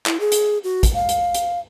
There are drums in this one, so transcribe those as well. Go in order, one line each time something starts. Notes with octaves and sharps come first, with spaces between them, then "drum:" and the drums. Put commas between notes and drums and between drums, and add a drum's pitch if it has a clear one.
E4, drum: clap
G#4
drum: hi-hat
F#4
drum: kick, hi-hat
F5
drum: hi-hat
drum: hi-hat